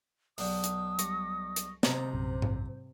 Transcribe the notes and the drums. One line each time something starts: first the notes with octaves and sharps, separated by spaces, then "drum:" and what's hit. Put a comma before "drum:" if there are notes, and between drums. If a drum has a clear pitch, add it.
B1 D4 G5 D#6, drum: open hi-hat
drum: hi-hat
G3 C#6 A#6, drum: hi-hat
drum: hi-hat
C3 C5 D#5 A5 A#5, drum: snare
A#1 F#2
drum: tom G#2